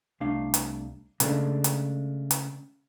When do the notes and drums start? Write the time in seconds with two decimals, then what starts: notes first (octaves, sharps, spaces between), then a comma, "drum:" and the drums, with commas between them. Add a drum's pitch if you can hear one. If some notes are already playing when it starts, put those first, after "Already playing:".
0.20 C2 A3 D4 F5
0.54 drum: hi-hat
1.20 C#3 G#3 A3 C#4 D4, drum: hi-hat
1.64 drum: hi-hat
2.31 drum: hi-hat